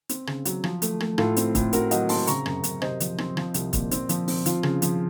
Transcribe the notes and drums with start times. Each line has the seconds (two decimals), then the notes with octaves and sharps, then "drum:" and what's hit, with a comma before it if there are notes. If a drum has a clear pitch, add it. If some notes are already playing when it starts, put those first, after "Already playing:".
0.09 C4, drum: hi-hat
0.27 C#3, drum: rim click
0.45 F#3, drum: hi-hat
0.64 F3, drum: rim click
0.82 A3, drum: hi-hat
1.00 A3, drum: rim click
1.18 A2 F4 A4, drum: rim click
1.37 C4, drum: hi-hat
1.55 A2, drum: kick, hi-hat
1.73 C4 F#4 A#4, drum: hi-hat
1.91 F#3 D#5 F#5, drum: hi-hat
2.09 C4 A5 C6, drum: open hi-hat
2.27 C#3 A#5 C#6, drum: hi-hat
2.46 F#2, drum: rim click
2.64 F#2, drum: hi-hat
2.82 C3 C5 D#5, drum: rim click
3.00 F3, drum: hi-hat
3.18 C4, drum: rim click
3.37 F3, drum: rim click
3.54 C2, drum: hi-hat
3.73 A#2, drum: kick, hi-hat
3.91 C4, drum: hi-hat
4.09 F3, drum: hi-hat
4.28 C4, drum: open hi-hat
4.46 F3 F4, drum: hi-hat
4.63 C#3, drum: rim click
4.82 F3, drum: hi-hat